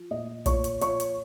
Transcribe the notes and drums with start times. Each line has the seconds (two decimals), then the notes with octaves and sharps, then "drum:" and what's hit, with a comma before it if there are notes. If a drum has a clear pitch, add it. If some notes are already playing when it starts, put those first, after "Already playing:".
Already playing: F3
0.11 A#2 D#5
0.46 A#2 C#5 C#6, drum: kick, hi-hat
0.64 drum: hi-hat
0.81 F3 C#5 C#6, drum: hi-hat
1.00 drum: hi-hat